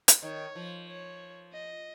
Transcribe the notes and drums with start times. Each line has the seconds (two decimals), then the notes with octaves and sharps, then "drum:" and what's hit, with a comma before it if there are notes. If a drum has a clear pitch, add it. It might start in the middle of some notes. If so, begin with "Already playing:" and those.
0.08 drum: hi-hat
0.22 D#3 C#5
0.55 F3
0.87 C#5
1.53 D#5